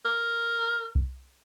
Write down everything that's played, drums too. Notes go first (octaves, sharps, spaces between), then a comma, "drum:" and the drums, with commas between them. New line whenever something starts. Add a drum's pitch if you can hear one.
A#4
drum: kick C2